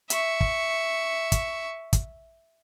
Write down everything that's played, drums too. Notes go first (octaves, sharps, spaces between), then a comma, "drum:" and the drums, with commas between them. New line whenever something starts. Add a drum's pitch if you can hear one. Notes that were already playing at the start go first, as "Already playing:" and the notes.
E5 C#6, drum: hi-hat
drum: kick
drum: kick, hi-hat
drum: kick, hi-hat